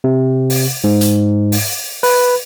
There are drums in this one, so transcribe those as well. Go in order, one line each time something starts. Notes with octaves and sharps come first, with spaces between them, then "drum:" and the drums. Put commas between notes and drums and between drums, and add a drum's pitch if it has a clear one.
C3
drum: open hi-hat
G#2
drum: hi-hat
drum: open hi-hat
B4, drum: open hi-hat